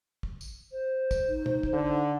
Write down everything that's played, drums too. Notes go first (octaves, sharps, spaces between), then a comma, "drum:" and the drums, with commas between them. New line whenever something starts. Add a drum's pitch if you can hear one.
drum: kick
drum: tambourine
C5
drum: kick, tambourine
D#4
drum: tom
drum: kick
D3